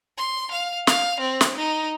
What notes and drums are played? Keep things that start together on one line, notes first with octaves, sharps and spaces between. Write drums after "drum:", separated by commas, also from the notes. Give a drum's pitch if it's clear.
C6
F5
F5, drum: snare
C4
drum: snare
D#4